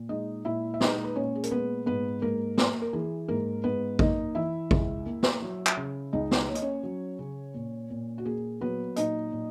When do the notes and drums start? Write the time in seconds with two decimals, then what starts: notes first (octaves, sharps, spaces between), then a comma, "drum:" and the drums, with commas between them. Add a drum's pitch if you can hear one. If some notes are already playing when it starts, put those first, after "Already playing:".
Already playing: A#2
0.09 G#3 D#4 D#5
0.45 A#2 E4 E5
0.74 E5
0.81 G#3 D#4 D#5, drum: snare
1.04 B4
1.15 A#2 C#4 C#5
1.35 G#4
1.43 A#4, drum: hi-hat
1.51 G#3 B3 B4
1.86 G#2 B3 B4
2.22 G#2 A#3 A#4
2.58 A#3, drum: snare
2.82 A#4
2.93 E3 G#4
3.28 G#2 A#3 A#4
3.64 G#2 B3 B4
3.99 A#3 D#4 D#5, drum: kick A1
4.35 E3 E4 E5
4.71 C#2, drum: kick A1
5.06 A#3
5.23 drum: snare
5.42 F#3
5.66 drum: clap
5.77 C#3
6.13 C#2 D#4 D#5
6.31 drum: snare
6.48 A#3 C#5
6.55 D#5, drum: hi-hat
6.62 C#4 C#5
6.83 F#3
7.19 C#3
7.54 A#2
7.90 A#2
8.18 F#4
8.25 A#3 G#4
8.61 F#3 B3 B4
8.96 A#2 D#4 D#5, drum: hi-hat
9.32 A#2